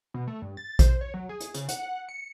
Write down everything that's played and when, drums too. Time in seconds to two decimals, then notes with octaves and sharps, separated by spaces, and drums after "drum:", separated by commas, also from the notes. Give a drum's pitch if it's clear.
0.14 B2
0.28 A3
0.42 G2
0.57 A6
0.79 C5, drum: kick A#1, hi-hat
1.01 C#5
1.14 F#3
1.29 G#4
1.40 drum: hi-hat
1.54 C#3, drum: hi-hat
1.69 F#5, drum: hi-hat
1.83 F#5
2.09 C#7